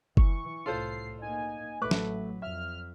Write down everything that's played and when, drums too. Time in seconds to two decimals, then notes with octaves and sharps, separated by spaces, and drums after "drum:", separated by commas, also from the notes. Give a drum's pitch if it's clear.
0.17 E3 C#6, drum: kick F#1
0.66 C2 A2 F4 A4 C5 C7
1.21 A#3 D#4 G#5
1.82 A1 F#3 A3 B4 D6 F#6
1.91 drum: snare
2.42 F2 E5 F6